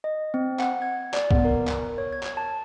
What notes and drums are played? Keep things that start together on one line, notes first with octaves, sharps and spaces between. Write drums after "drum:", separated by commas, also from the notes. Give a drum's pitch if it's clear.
D#5
C4
F#5, drum: clap
G#6
D5, drum: clap
B3, drum: kick
A#4
drum: clap
C#5
G#6
drum: clap
A5